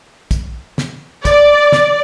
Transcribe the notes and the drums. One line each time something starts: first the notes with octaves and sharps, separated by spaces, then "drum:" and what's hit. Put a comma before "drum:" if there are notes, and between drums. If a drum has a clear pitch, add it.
drum: kick, hi-hat
drum: snare
D5, drum: kick, hi-hat
drum: snare